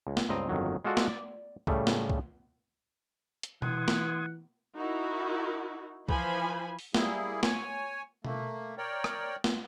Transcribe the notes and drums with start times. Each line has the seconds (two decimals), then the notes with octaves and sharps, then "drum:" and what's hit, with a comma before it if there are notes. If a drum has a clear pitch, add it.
0.07 C#2
0.17 drum: snare
0.29 C#2 G2 C4 D#5 A#5
0.49 G1 F2 D#3 F#3
0.84 G#3 F4 F#4 A4 D5 F5
0.97 drum: snare
1.09 D5
1.67 A2 C#3 G3 A3, drum: kick C2
1.87 drum: snare
2.10 drum: kick C2
3.43 drum: hi-hat
3.62 E3 F#5 C6 D#6 G#6, drum: tom B2
3.88 drum: snare
4.75 D#4 E4 F#4 A#4
6.09 E3 F3 C5 G#5 B5, drum: kick C2
6.79 drum: open hi-hat
6.94 G3 A#3 E4 G#4, drum: snare
7.43 C#5 G#5, drum: snare
8.25 A3 A#3, drum: tom B2
8.78 A#4 C#5 D5 G5
9.04 drum: rim click
9.44 drum: snare